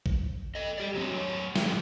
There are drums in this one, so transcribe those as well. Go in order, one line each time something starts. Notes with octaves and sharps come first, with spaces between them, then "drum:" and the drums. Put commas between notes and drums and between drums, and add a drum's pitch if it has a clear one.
drum: kick
A4 D#5
G4 D5
F#3 C4 C#5
D#3 G#3 A3, drum: snare